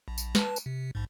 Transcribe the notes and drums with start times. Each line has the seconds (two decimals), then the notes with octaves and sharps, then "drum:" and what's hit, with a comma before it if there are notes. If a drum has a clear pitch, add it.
0.08 A#1
0.18 drum: tambourine
0.35 B4 A5, drum: snare
0.56 drum: tambourine
0.66 C3
0.95 A#1 G#2